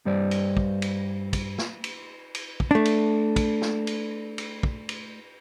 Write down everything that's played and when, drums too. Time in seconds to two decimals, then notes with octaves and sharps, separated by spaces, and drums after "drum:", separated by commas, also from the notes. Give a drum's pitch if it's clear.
0.06 G2 G3 C5 D5
0.31 drum: cymbal
0.57 drum: kick
0.82 drum: cymbal
1.33 drum: kick, cymbal
1.58 drum: snare
1.84 drum: cymbal
2.35 drum: cymbal
2.60 drum: kick
2.71 A3 D4
2.85 drum: cymbal
3.36 drum: kick, cymbal
3.62 drum: snare
3.87 drum: cymbal
4.38 drum: cymbal
4.63 drum: kick
4.89 drum: cymbal